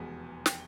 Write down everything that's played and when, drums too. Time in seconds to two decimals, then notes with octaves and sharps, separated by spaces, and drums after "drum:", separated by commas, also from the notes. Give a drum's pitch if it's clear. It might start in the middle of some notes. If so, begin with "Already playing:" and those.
Already playing: F1 E2 B2 G#3 B3
0.46 G5, drum: snare